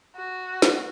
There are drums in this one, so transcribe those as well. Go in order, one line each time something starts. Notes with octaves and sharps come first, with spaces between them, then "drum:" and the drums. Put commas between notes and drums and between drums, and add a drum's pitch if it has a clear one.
F#4
drum: snare